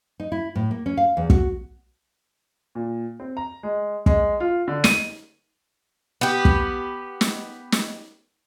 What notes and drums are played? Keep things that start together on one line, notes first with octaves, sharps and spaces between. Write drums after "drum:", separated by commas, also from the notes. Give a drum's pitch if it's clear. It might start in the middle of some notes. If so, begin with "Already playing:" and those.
D#4
E4
A2
A#3
C#4
F5
E2
F#4, drum: kick
A#2
C4
A#5
G#3
G#3, drum: kick
F4
D3
D#7, drum: snare
B3 G4
drum: kick
drum: snare
drum: snare